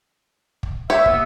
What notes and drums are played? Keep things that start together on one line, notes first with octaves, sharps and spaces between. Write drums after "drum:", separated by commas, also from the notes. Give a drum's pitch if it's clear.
drum: kick
G4 C#5 E5
A#3 B3 E6, drum: kick